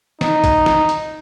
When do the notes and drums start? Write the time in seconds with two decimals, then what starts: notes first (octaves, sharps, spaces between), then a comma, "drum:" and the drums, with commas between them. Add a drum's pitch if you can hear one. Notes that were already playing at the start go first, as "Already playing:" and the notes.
0.21 D#4, drum: snare
0.44 drum: kick, hi-hat
0.66 drum: snare
0.89 drum: hi-hat